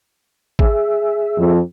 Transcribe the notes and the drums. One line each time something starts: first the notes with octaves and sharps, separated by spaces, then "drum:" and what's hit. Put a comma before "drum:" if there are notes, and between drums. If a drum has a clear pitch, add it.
G#4 E5, drum: kick
F2